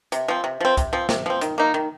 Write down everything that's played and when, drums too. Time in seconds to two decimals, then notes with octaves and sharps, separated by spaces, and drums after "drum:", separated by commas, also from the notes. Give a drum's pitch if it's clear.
0.12 C3, drum: hi-hat
0.28 F3 C4
0.44 C3
0.61 F3 C4
0.77 C3, drum: kick C2, hi-hat
0.93 F3 C4
1.09 C3, drum: snare
1.26 F3 C4
1.41 D#3, drum: hi-hat
1.58 A#3 D#4
1.74 D#3